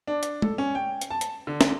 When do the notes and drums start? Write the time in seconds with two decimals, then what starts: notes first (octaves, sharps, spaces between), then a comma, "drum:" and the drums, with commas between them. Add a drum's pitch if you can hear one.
0.07 D4
0.23 drum: hi-hat
0.42 A4, drum: tom G#3
0.58 C#4
0.75 G5
1.01 drum: hi-hat
1.10 A5
1.21 drum: hi-hat
1.47 D3
1.61 drum: snare